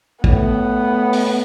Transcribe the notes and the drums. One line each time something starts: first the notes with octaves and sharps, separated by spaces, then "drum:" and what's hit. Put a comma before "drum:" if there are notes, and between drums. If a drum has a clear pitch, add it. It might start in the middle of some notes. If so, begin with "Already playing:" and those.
A2 B3, drum: kick
drum: open hi-hat